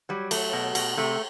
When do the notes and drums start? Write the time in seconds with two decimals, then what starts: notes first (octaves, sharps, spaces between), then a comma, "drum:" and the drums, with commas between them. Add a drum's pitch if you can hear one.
0.09 F#3 G3
0.31 F#3 A3, drum: cymbal
0.53 B2
0.75 B2, drum: cymbal
0.97 C3 A3